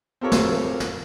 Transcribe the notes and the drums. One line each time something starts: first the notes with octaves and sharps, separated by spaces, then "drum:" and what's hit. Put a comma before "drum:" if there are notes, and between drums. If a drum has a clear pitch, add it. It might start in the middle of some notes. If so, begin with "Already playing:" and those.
C4 F4 G4 A4 A#4 C#5
drum: snare
drum: snare